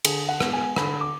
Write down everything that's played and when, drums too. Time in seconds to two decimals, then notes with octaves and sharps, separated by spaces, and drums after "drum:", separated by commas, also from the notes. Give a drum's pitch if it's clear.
0.05 D3 G#4, drum: cymbal
0.29 F#5
0.40 G#3 B3, drum: rim click
0.53 G#5
0.76 D3 B5, drum: rim click
1.01 D6